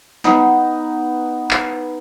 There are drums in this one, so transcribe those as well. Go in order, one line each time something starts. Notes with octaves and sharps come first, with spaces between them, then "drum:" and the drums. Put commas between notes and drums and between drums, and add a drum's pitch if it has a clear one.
B3 D#4, drum: snare
drum: clap